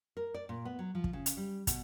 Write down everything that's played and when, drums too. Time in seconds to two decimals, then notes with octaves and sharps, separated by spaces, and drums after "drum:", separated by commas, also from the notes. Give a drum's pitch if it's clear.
0.17 A#4
0.34 D5
0.49 A#2
0.65 B3
0.79 F#3
0.95 F3
1.04 drum: kick
1.13 C#3
1.26 drum: hi-hat
1.37 G3
1.67 B2, drum: kick, hi-hat